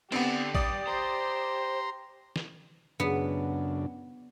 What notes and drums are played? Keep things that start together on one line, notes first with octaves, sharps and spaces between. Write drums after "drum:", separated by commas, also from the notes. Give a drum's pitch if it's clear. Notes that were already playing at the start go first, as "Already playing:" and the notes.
D3 B3 C4 D4 G4, drum: cymbal
G2 D5 D#6, drum: kick A1
C5 A#5 C6
drum: snare
F#2 C#3 B3 D4